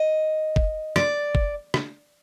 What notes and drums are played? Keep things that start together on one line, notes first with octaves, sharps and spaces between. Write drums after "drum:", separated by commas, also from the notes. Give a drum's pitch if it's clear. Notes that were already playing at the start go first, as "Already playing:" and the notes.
Already playing: D#5
drum: kick
D5, drum: rim click
drum: kick
drum: rim click